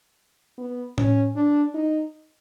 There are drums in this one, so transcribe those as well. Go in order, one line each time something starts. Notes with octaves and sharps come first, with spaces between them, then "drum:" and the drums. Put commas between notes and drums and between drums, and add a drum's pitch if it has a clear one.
B3
C#4, drum: tom A2
D4
D#4